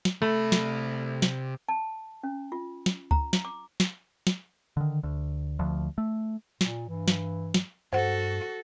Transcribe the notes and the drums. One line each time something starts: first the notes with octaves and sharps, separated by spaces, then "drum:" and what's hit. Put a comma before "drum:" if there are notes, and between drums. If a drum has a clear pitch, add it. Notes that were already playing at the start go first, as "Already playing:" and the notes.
drum: snare
C3 A3 B5
drum: snare
drum: snare
A5
C#4
F4
drum: snare
A#5, drum: kick C#2
drum: snare
D6
drum: snare
drum: snare
D3 D#3
D2
D2 F3
A3
A#2, drum: snare
G2 E3
drum: snare
drum: snare
G2 F#4 A4 C5 F#5